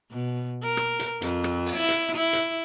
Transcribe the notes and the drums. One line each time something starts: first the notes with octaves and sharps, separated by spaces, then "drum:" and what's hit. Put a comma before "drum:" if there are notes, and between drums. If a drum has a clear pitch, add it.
B2
A#4
drum: rim click
drum: hi-hat
F2, drum: hi-hat
drum: rim click
drum: open hi-hat
E4
drum: hi-hat
E4
drum: hi-hat